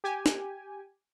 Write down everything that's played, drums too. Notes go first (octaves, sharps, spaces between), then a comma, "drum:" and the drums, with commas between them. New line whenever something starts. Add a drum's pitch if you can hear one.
G4 G#5
drum: snare